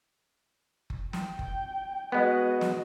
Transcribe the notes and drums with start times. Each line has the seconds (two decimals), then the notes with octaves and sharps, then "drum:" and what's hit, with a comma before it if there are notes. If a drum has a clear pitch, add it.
0.90 drum: kick F#1
1.13 G5, drum: snare
1.39 drum: kick F#1
2.12 G#3 B3 F#4 D#5
2.61 drum: snare